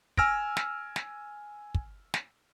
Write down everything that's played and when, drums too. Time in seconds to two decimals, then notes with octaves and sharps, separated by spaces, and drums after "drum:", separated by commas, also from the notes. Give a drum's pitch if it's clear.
0.17 G#5 E6 F6 G#6 A#6 D7, drum: kick
0.57 drum: snare
0.96 drum: snare
1.75 drum: kick
2.14 drum: snare